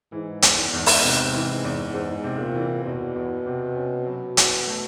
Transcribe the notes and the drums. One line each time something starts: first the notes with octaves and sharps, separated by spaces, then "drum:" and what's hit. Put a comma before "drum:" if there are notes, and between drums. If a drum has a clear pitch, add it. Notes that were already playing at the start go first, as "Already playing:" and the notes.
G#2 E3
E2, drum: hi-hat
G#2
E2
drum: open hi-hat
C3
E3
E2
E2 G#2
C3
A#2
E3
E2 B2
E2
C3
C#4
F#3
F#4, drum: hi-hat
A3